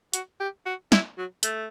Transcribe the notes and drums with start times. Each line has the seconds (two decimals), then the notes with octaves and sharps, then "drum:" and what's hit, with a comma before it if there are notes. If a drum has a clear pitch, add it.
0.13 F#4, drum: hi-hat
0.40 G4
0.66 F#4
0.92 E4, drum: snare
1.17 F#3
1.43 A3, drum: hi-hat